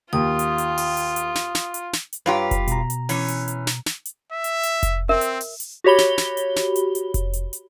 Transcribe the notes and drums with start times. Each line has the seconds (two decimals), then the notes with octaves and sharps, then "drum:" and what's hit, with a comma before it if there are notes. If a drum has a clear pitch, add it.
0.13 D#2 F4 D#6
0.39 drum: hi-hat
0.58 drum: hi-hat
0.78 drum: open hi-hat
0.97 drum: hi-hat
1.16 drum: hi-hat
1.35 drum: snare
1.55 drum: snare
1.74 drum: hi-hat
1.93 drum: snare
2.13 drum: hi-hat
2.26 G2 F4 G4 B4 C#5 A#5
2.51 drum: kick F1, hi-hat
2.68 B2 A#5, drum: hi-hat
2.90 drum: hi-hat
3.09 E3 C#4, drum: open hi-hat
3.28 drum: hi-hat
3.48 drum: hi-hat
3.67 drum: snare
3.86 drum: snare
4.05 drum: hi-hat
4.32 E5
4.44 drum: hi-hat
4.63 drum: hi-hat
4.83 drum: kick F1, hi-hat
5.09 C4 A#4 E5
5.21 drum: hi-hat
5.41 drum: open hi-hat
5.60 drum: hi-hat
5.84 F#4 G4 C#5 B5 G7
5.98 drum: snare
6.18 drum: snare
6.37 drum: hi-hat
6.56 drum: snare
6.76 drum: hi-hat
6.95 drum: hi-hat
7.14 drum: kick F1, hi-hat
7.33 drum: hi-hat
7.53 drum: hi-hat